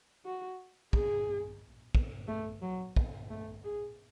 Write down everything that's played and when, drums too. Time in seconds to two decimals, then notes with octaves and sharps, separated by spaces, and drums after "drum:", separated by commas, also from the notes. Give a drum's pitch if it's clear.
0.25 F#4
0.93 G#4, drum: kick
1.95 drum: kick
2.28 A3
2.62 F#3
2.96 drum: kick
3.30 A3
3.64 G#4